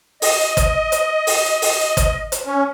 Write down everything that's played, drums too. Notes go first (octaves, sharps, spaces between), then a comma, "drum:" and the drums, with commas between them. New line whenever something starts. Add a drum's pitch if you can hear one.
D#5, drum: open hi-hat
drum: kick, hi-hat
drum: hi-hat
drum: open hi-hat
drum: open hi-hat
drum: kick, hi-hat
drum: hi-hat
C#4